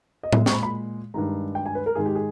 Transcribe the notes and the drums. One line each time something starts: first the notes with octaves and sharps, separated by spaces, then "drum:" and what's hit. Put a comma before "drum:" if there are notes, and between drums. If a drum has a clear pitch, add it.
D#5
A#2 G#3 E5, drum: tom A2
C#6, drum: snare
B5
B5
G2 D#3 G#3 A#5
G5
G#5
B4
A#4
G#2 D#3 G#3 G#4
G4
G#4